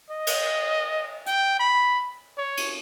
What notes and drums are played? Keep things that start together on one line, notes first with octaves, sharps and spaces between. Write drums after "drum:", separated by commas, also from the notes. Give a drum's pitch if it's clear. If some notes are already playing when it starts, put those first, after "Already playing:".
D#5
drum: cymbal
G5, drum: hi-hat
B5
C#5
drum: cymbal